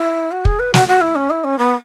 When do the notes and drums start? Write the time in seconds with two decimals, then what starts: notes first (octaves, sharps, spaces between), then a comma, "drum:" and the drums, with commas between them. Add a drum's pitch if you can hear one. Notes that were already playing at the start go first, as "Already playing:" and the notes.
Already playing: E4
0.32 F#4
0.45 G#4, drum: kick
0.59 B4
0.74 F#4, drum: snare
0.88 F#4
1.01 E4
1.16 C#4
1.30 E4
1.44 C#4
1.59 B3